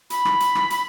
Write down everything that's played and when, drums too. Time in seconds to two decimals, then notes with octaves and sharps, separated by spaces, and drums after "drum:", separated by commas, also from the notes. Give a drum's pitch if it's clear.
0.10 B5, drum: hi-hat
0.25 drum: rim click
0.40 drum: hi-hat
0.55 drum: rim click
0.70 drum: hi-hat